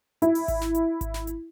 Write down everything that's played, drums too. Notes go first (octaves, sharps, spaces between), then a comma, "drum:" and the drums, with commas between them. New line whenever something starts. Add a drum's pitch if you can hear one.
E4, drum: hi-hat
drum: open hi-hat
drum: kick G#1, hi-hat
drum: snare
drum: hi-hat
drum: kick G#1, hi-hat
drum: snare
drum: hi-hat